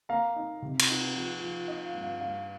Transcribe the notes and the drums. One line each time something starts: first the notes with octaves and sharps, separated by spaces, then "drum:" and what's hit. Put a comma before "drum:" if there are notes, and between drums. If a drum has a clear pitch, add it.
A#3 F5 A#5
D#4
C3
drum: cymbal
D#4
F3
F3
D#4 D#5
F5
G2
F5
G2 F5